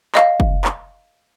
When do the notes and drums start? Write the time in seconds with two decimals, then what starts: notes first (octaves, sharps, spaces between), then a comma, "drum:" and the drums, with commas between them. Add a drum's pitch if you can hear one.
0.15 D#5 F5, drum: clap
0.40 drum: kick
0.64 drum: clap